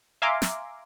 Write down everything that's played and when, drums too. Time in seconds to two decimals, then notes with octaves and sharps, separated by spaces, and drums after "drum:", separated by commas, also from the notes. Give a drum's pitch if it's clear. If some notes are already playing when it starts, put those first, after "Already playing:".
0.22 E5 F5 G#5 A#5 C6 D6
0.42 drum: snare